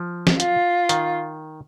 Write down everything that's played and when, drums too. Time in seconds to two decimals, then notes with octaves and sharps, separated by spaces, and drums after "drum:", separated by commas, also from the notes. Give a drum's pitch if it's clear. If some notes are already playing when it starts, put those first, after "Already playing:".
Already playing: F3
0.27 drum: snare
0.40 F4, drum: hi-hat
0.89 D#3, drum: hi-hat